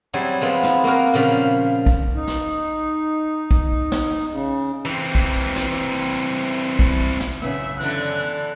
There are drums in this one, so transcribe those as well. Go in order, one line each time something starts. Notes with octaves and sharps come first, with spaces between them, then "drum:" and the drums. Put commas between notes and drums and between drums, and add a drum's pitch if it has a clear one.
F#3 G3 C4 E4 G#4
F3 G#3 B3 C4
drum: snare
A#3 C4 F#4 A#4
A#2 C#3 F3 B5
drum: kick A#1
D#4
drum: snare
drum: kick A#1
drum: snare
C#3
E3 C4
drum: kick A#1
drum: snare
drum: kick A#1
drum: snare
F#2 C#3 B3 E5
D3 E3 F#6